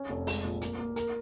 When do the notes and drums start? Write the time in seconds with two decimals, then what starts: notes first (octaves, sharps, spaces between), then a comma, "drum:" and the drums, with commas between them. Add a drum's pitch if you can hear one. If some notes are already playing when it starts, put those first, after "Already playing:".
Already playing: C#4
0.10 F1
0.27 G#3, drum: open hi-hat
0.44 A#1
0.61 A#3, drum: hi-hat
0.79 A#3
0.96 A#4, drum: hi-hat